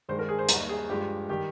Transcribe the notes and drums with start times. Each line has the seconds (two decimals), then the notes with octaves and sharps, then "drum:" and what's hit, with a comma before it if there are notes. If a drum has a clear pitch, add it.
0.09 G2 D#3 G#3 C5
0.19 A#4
0.29 G#4
0.39 C5
0.49 D#2 D#3 G3, drum: hi-hat
0.69 G#4
0.89 G2 F3 G#3 G4
1.29 D#3 G3 G4